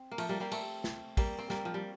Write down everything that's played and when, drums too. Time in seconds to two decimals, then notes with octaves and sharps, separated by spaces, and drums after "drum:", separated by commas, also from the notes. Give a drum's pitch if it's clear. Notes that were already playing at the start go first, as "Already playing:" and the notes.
Already playing: C4
0.11 A#3
0.18 F3 A3, drum: cymbal
0.29 G3 A#3
0.40 G3 A#3
0.52 A3 C4, drum: cymbal
0.84 drum: snare
1.17 G3 A#3, drum: kick, cymbal
1.39 C4
1.50 G3 A#3, drum: snare
1.65 F3
1.74 G3